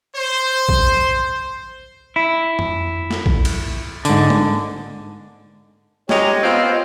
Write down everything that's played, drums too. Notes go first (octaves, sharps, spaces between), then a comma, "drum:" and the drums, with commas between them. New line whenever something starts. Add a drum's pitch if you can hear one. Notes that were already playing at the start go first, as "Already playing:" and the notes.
C5
drum: kick A#1
E4
drum: tom F2
drum: snare
drum: kick A#1
drum: cymbal
G#2 D3, drum: tambourine
drum: tom
G#3 C#4 D#4 G4 C#5 D#5, drum: snare
B3 C4 F4